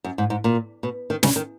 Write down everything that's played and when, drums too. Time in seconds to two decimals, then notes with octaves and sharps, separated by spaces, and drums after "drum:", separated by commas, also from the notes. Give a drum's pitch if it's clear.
0.04 F#2
0.18 G#2
0.30 G#2
0.44 A#2
0.83 B2
1.10 D#3
1.23 C#3, drum: snare
1.36 D#3